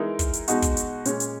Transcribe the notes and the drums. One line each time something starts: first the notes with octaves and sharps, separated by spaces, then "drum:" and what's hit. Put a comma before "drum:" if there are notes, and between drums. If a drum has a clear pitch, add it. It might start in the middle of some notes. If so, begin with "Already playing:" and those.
Already playing: E3 G#3 D#4 A#4
drum: kick, hi-hat
drum: hi-hat
B2 G#3 D#4 F#4, drum: hi-hat
drum: kick, hi-hat
drum: hi-hat
A#2 G#3 C#4, drum: hi-hat
drum: hi-hat